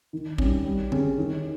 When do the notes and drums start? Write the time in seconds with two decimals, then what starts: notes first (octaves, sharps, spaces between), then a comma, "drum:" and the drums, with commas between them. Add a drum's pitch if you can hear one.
0.13 D#3
0.38 G3 C#4, drum: kick G#1
0.65 G3
0.92 C#4 G#4, drum: tom D3
1.18 D#3